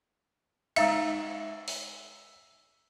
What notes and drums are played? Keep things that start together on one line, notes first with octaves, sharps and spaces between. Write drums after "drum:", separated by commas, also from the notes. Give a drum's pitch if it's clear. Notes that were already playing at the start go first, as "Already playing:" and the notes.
G#3 D#4 E5 F5, drum: cymbal
drum: open hi-hat